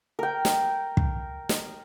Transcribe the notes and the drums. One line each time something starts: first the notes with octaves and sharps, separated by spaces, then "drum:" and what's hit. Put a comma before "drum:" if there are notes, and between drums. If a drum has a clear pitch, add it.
A#4 G5
drum: snare
drum: kick
drum: snare